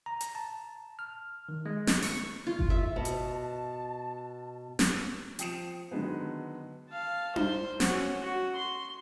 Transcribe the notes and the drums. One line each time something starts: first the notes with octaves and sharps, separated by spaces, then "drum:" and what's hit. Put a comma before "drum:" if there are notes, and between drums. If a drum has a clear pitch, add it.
A#5
drum: hi-hat
A5
F6
D#3
G#3
drum: snare
C#6, drum: open hi-hat
F4
drum: kick G1
E5
B2 A5
drum: hi-hat
drum: snare
F3 G5 D#6 C7 C#7 E7, drum: hi-hat
D3 D#3 F#3 G#3 B3
F5 A5
C5, drum: tom D4
C#4 F#4, drum: snare
F#4
C6